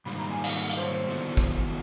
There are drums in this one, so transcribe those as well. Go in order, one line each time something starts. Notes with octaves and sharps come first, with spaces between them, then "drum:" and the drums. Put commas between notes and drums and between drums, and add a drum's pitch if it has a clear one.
G#2 D#3 G3 A#3 B5
A#5
G#5
F5, drum: cymbal
F#5
F5, drum: hi-hat
C5
C#5
C5
D#3 F#3 B3 E4 A4
drum: kick